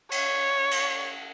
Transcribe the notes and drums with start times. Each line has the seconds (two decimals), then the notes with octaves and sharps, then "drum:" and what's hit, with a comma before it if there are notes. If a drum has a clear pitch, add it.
0.11 C#5, drum: cymbal
0.71 drum: cymbal